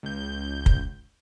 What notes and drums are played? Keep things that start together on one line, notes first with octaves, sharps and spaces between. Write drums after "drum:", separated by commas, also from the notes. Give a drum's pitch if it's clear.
C#2 G6
drum: kick